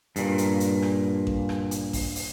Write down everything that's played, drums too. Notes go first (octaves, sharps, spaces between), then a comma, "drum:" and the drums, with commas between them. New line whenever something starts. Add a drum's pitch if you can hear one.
G2 A#2, drum: hi-hat
drum: hi-hat
drum: hi-hat
drum: rim click
drum: kick A1
drum: rim click
drum: hi-hat
drum: kick A1, open hi-hat
drum: open hi-hat